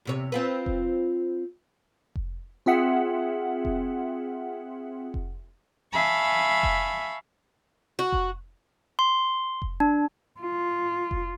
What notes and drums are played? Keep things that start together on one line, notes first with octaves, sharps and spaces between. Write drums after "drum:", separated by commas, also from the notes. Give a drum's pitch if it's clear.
E2 C3 C#5
C4 F4 B4
drum: kick F1
drum: kick F1
C4 F4 G#4 E5 F#5
drum: kick F1
drum: kick F1
E5 F5 G#5 A5 B5 C#6
drum: kick F1
F#4
drum: kick F1
C6
drum: kick F1
D4
F4
drum: kick F1